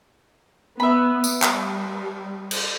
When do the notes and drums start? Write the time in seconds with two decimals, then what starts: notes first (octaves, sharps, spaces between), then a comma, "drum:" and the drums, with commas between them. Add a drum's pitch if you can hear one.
0.80 B3 E5 B5
1.24 drum: tambourine
1.42 G3, drum: clap
2.51 drum: cymbal